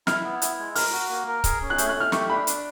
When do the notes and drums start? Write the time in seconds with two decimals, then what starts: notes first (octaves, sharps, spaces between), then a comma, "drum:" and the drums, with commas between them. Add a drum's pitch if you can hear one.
0.07 E4 F6, drum: snare
0.24 B3
0.42 E4, drum: hi-hat
0.59 G#3
0.75 A#4 F6, drum: open hi-hat
0.92 F#4
1.10 A#3
1.27 A#4
1.44 G#4, drum: kick C#1, hi-hat
1.62 C#4
1.70 F#6
1.78 A3 G6, drum: hi-hat
1.89 F#6
1.96 A3 F6
2.12 G4 C#6, drum: snare
2.30 D4 B5
2.47 D4, drum: hi-hat